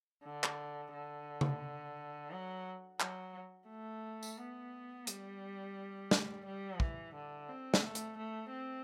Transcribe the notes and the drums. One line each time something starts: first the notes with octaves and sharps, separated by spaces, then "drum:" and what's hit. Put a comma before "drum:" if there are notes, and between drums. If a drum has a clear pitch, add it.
D3
drum: clap
D3
drum: tom C#3
F#3
F#3, drum: clap
A3
drum: tambourine
B3
G3, drum: hi-hat
drum: snare
G3
E3, drum: kick
D3
C4
drum: snare
A3
drum: hi-hat
A3
C4